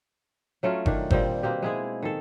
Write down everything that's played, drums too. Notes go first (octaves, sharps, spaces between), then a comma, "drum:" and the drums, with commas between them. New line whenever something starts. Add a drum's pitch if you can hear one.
F#3 A3 C#4 F4
D#3 D4, drum: kick G1
A#2 G3 C4 G5, drum: kick G1
B2 A#3 C4 G4
G#3 E4 G#4
D#3 A4